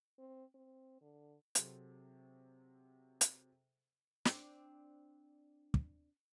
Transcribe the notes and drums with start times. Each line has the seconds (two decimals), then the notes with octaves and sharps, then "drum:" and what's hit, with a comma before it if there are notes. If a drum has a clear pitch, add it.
0.19 C4
0.55 C4
1.01 D3
1.55 C3 F#3 G#4 A4 C5, drum: hi-hat
3.21 drum: hi-hat
4.25 C4 D4 C5, drum: snare
5.74 drum: kick